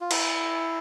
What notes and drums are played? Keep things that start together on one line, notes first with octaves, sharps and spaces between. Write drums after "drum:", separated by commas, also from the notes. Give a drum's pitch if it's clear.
F4
E4, drum: cymbal